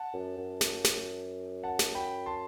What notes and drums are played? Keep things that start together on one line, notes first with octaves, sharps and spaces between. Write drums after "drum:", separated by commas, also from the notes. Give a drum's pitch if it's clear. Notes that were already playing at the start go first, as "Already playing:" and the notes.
Already playing: F#5 A5
F#2
F#2
drum: snare
drum: snare
F#5 A5
drum: snare
G5 B5
A5 C6